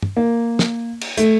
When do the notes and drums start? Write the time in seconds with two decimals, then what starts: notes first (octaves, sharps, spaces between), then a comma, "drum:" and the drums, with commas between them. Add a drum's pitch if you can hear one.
0.02 drum: tom
0.16 A#3
0.59 drum: snare
1.01 drum: cymbal
1.17 A3, drum: hi-hat